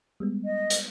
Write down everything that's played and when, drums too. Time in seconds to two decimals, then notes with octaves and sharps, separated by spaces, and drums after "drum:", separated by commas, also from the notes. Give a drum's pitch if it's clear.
0.20 G3 G#3 B3
0.45 D#5
0.70 drum: hi-hat